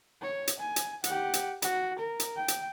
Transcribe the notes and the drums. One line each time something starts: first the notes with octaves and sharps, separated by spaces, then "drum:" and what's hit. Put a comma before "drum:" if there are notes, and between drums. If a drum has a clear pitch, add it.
C#5
drum: hi-hat
G#5
drum: hi-hat
G4 F#5, drum: hi-hat
drum: hi-hat
F#4, drum: hi-hat
A#4
drum: hi-hat
G5
drum: hi-hat